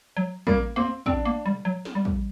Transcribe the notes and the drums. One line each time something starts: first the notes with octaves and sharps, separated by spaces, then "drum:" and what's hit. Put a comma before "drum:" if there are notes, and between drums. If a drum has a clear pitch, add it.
F#3
G3 A#3, drum: kick
A#3 C4
C4 D4, drum: kick
A#3
G3, drum: tom
F#3
drum: snare
G3
drum: kick